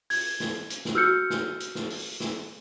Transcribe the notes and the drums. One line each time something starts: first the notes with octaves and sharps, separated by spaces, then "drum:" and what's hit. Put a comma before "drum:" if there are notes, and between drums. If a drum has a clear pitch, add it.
G#6, drum: open hi-hat
drum: snare
drum: hi-hat
drum: snare
F#4 E6 F6 G6 C#7
drum: snare
drum: hi-hat
drum: snare
drum: open hi-hat
drum: snare